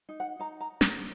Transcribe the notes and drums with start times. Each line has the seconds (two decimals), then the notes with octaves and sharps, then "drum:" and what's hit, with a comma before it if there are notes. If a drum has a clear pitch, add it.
0.09 D#4
0.20 F#5
0.39 D#4 A#5
0.60 A#5
0.81 drum: snare